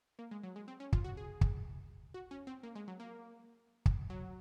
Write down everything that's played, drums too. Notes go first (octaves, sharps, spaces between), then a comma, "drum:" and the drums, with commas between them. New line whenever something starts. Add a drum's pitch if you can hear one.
A#3
G#3
F#3
G#3
C4
C#4
F4, drum: kick
F#4
G#4
drum: kick
F#4
C#4
C4
A#3
G#3
F#3
A#3
drum: kick
F#3